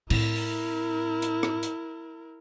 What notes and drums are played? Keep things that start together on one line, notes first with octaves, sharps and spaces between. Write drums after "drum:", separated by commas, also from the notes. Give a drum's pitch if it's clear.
A2 C4 E4 A#4, drum: cymbal
drum: open hi-hat
drum: hi-hat
drum: rim click
drum: hi-hat